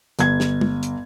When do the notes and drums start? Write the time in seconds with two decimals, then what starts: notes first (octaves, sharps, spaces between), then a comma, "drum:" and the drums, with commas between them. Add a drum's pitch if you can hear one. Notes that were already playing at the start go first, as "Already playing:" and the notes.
0.19 G1 G#6, drum: hi-hat
0.40 drum: snare
0.61 drum: tom
0.83 drum: hi-hat